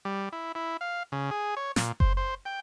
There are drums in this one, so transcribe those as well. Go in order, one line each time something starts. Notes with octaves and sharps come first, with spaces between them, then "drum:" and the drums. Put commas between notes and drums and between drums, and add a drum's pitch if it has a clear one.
G3
E4
E4
F5
C#3
G#4
C#5
A#2, drum: snare
C5, drum: kick F#1
C5
G5